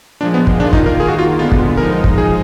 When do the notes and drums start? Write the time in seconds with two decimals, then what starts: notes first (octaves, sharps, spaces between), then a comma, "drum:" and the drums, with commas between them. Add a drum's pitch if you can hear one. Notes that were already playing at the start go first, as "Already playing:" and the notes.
0.20 A#2 F3 G#3 D4
0.34 B3
0.47 drum: kick
0.59 D#3 A#3 D4 F4
0.73 D#4, drum: kick
0.86 A#4
0.99 D#3 A#3 F4 G#4
1.08 F#4
1.18 F4
1.39 D3 G#3 B3 F4
1.52 drum: kick
1.77 F3 G#3 D#4 A#4
2.04 drum: kick
2.18 G#4